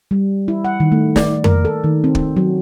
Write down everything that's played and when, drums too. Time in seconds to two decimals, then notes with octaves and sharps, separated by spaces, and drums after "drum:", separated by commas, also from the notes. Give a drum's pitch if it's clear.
0.11 G3
0.48 E4
0.65 F#5
0.80 D#3
0.92 A3
1.16 D5, drum: snare
1.44 A#4, drum: tom F2
1.65 A4
1.84 D#3
2.04 C4
2.15 drum: kick
2.37 F#3